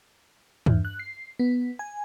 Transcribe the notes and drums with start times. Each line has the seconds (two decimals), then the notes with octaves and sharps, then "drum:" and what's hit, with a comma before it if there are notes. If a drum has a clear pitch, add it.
0.66 E2, drum: tom G2
0.85 F#6
0.99 C7
1.39 B3
1.79 G#5